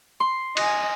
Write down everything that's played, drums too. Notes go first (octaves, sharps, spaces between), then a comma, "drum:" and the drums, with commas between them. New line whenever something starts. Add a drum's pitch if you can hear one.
C6
D#5 G#5, drum: cymbal